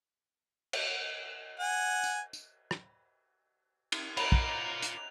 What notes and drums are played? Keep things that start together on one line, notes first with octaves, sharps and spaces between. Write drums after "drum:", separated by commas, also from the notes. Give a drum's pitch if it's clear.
drum: cymbal
F#5 G#5
drum: tambourine
drum: tambourine
drum: rim click
drum: cymbal
F4 D5 A#5 B5 F7, drum: cymbal
drum: kick
drum: hi-hat